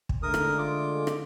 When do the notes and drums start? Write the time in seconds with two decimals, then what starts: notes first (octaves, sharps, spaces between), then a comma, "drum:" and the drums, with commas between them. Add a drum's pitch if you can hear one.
0.09 drum: kick
0.23 D3 G#3 A3 A#4 D#6
0.34 drum: rim click
0.58 F4 D6
1.07 drum: rim click